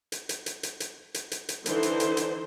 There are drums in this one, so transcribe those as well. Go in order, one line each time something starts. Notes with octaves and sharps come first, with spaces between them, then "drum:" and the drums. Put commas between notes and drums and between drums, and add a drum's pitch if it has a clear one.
drum: hi-hat
drum: hi-hat
drum: hi-hat
drum: hi-hat
drum: hi-hat
drum: hi-hat
drum: hi-hat
drum: hi-hat
D3 E3 D#4 C5, drum: hi-hat
drum: hi-hat
drum: hi-hat
drum: hi-hat